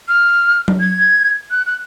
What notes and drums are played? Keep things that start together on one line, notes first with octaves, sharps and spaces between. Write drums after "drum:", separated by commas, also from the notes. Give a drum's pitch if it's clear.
F6
drum: tom F#3
G#6
F#6
F#6